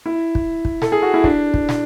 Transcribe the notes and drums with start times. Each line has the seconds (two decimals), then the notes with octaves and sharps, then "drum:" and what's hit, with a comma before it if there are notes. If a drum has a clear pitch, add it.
0.06 E4
0.35 drum: kick
0.65 drum: kick
0.82 A4, drum: snare
0.92 G#4
1.02 F#4
1.14 E4
1.24 D4, drum: kick
1.54 drum: kick
1.69 drum: snare